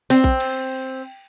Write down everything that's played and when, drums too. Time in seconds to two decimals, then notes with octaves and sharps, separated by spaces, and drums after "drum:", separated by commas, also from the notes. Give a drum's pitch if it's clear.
0.10 C4, drum: open hi-hat
0.24 drum: kick A#1
0.40 drum: cymbal